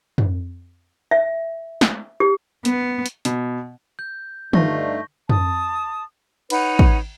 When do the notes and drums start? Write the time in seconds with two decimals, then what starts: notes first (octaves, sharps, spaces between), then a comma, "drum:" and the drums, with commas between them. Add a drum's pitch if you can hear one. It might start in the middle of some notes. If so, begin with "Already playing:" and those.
0.18 drum: tom
1.11 E5
1.81 drum: snare
2.20 G4
2.65 B3, drum: hi-hat
3.06 drum: hi-hat
3.25 B2, drum: hi-hat
3.99 G6
4.53 G2 A3 D4 D#4 F4 C#6 A#6, drum: tom
5.29 A5 D#6, drum: tom
6.50 D#4 B4 C#5 F#5, drum: cymbal
6.79 drum: kick